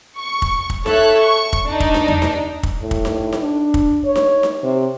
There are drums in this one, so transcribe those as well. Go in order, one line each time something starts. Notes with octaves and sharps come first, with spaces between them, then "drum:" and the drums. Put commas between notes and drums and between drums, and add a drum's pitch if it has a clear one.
C#6
drum: kick
drum: kick
A4 C#5 E5 F#6, drum: snare D#4
C#6
drum: kick
D4 D#4
drum: kick
drum: snare D#4
drum: tom E2
drum: snare D#4
drum: kick
A2
drum: kick
drum: snare D#4
drum: snare D#4
D4
drum: kick
C#5
drum: snare D#4
drum: snare D#4
C3